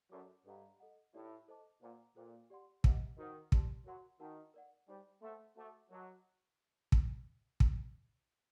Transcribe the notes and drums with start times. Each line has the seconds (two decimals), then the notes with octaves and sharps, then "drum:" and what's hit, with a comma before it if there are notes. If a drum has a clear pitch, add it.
0.11 F#2 A4 D5 A5 D6
0.46 G2 A4 D#5 F#5 A#5
0.80 A4 D#5 F#5
1.14 A2 D#4 G4 D5
1.48 A4 C5 D#5 A5 D6
1.82 A#2 C5 F#5 A#5 D6
2.16 A#2 A4 C5 G5 D6
2.50 G4 D5 F#5 C6
2.84 C3 C5 D#5 F#5, drum: kick
3.18 D#3 F#4 C5 D#5 F#5
3.52 G4 A#4 D5 A5 C6, drum: kick
3.86 F#3 A#4 F#5 C6
4.20 D#3 D#4 F#4 A#4 F#5 A5
4.54 A#4 D5 F#5
4.88 G3 D#4 G4 C5
5.22 A3 C5 F#5 C6
5.56 A3 F#4 C5 F#5 A5 D6
5.90 F#3 A#4 D#5 A5 D6
6.92 drum: kick
7.60 drum: kick